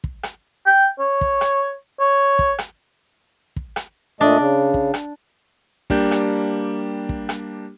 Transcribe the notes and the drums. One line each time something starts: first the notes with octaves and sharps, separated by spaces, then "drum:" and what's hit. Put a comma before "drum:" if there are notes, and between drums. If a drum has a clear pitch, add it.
drum: kick
drum: rim click
G5
C#5
drum: kick
drum: rim click
C#5
drum: kick
drum: rim click
drum: kick
drum: rim click
A#2 A3 D4 D#5
C#3
drum: kick
drum: rim click
G3 A#3 D4 G4 G6, drum: kick
drum: rim click
drum: kick
drum: rim click